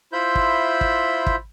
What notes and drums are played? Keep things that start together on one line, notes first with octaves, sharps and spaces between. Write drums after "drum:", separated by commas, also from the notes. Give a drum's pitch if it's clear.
E4 F4 C5 E5 B5 G6
drum: kick
drum: kick
drum: kick